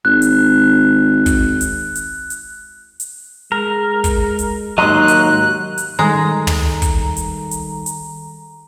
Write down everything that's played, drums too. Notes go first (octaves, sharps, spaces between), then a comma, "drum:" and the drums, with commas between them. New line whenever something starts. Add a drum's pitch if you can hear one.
G#1 F#6
drum: hi-hat
drum: kick, hi-hat
drum: hi-hat
drum: hi-hat
drum: hi-hat
drum: hi-hat
G#3 A#4
drum: kick, hi-hat
drum: hi-hat
D#2 G#2 F#3 D#5 A#5 C6 F#6
drum: hi-hat
drum: hi-hat
D#3 G3 G#3 A4 A#5
drum: tom
drum: kick, hi-hat
drum: hi-hat
drum: hi-hat
drum: hi-hat